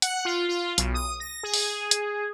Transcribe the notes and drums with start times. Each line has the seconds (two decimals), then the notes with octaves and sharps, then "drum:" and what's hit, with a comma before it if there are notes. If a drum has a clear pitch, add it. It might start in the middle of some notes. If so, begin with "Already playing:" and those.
0.02 F#5, drum: hi-hat
0.25 F4
0.49 F4
0.78 B1, drum: hi-hat
0.94 D#6
1.20 A#6
1.43 G#4
1.54 drum: open hi-hat
1.91 drum: hi-hat